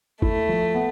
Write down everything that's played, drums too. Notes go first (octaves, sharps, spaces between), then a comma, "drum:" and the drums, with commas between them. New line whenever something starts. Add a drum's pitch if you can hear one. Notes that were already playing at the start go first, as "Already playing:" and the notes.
A3 E4, drum: kick
F3
B3